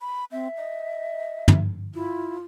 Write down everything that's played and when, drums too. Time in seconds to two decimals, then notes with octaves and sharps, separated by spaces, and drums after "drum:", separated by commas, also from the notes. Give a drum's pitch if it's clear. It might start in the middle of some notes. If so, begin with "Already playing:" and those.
0.01 B5
0.32 C4 E5
0.57 D#5
1.48 drum: tom
1.94 E4 F4